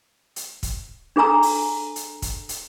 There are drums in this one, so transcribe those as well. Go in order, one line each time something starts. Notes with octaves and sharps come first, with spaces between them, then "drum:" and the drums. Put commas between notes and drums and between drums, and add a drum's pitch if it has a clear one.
drum: hi-hat
drum: kick, hi-hat
D4 G#4 A4 G#5 A#5 E6
drum: open hi-hat
drum: hi-hat
drum: kick, hi-hat
drum: hi-hat